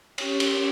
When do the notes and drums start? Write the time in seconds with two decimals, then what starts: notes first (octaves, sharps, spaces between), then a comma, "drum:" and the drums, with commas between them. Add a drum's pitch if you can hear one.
0.18 C#4 G4 C#5, drum: cymbal
0.40 drum: cymbal